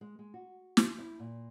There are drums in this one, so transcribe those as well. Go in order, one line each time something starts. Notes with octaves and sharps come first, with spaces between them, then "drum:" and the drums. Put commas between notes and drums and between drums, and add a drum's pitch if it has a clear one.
G#3
G#3
F#4
drum: snare
E4
A#2